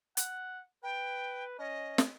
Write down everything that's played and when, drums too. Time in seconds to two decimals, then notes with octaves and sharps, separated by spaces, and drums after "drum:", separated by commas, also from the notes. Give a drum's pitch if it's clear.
0.17 F#5, drum: hi-hat
0.83 B4 G5
1.59 C#4 D#5
1.98 drum: snare